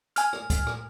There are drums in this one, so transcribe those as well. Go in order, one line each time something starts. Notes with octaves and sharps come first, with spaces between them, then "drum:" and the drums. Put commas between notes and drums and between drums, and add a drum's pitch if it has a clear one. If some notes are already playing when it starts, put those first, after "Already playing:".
G#5 F6, drum: hi-hat
drum: rim click
drum: kick, hi-hat
drum: rim click